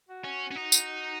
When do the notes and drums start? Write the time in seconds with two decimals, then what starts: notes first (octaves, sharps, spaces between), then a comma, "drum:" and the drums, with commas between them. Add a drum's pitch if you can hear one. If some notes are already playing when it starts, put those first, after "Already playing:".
0.09 F#4
0.24 C#4
0.51 C#4
0.55 D#4
0.72 drum: tambourine